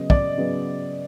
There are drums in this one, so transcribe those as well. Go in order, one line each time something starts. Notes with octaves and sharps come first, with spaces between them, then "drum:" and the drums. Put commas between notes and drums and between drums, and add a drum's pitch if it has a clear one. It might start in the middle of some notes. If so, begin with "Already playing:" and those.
Already playing: C#3 F#3 B3 D#5
D5, drum: kick
C#3 F#3 B3